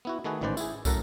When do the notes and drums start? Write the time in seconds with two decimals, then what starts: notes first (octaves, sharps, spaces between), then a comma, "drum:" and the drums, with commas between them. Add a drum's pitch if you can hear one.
0.05 B3 E4 F#4
0.24 D#3 A3 F#4 G#4 B4
0.41 A1 G#2 D#3 B4 C5 D5
0.57 E4 G#4, drum: tambourine
0.85 F#2 A2 A4 A#4 F#5 A#5, drum: kick, tambourine